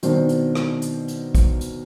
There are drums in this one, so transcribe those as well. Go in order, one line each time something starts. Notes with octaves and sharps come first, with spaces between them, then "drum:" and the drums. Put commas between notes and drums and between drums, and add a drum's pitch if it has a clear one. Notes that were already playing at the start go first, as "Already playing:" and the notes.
B2 D#3 C4 D4, drum: hi-hat
drum: hi-hat
drum: rim click
drum: hi-hat
drum: hi-hat
drum: kick, hi-hat
drum: hi-hat